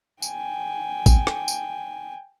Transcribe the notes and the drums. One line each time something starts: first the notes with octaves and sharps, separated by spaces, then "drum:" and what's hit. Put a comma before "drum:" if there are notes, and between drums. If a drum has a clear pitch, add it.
G5 G#5, drum: tambourine
drum: kick A1, tambourine
drum: rim click
drum: tambourine